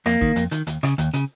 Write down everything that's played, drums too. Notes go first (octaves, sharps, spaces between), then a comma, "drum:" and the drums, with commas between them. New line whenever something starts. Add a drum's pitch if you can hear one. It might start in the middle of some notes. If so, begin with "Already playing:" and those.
F2 A#3, drum: rim click
D#3, drum: kick A1
F2, drum: hi-hat
D#3, drum: hi-hat
D#2, drum: hi-hat
C#3, drum: rim click
D#2, drum: hi-hat
C#3, drum: hi-hat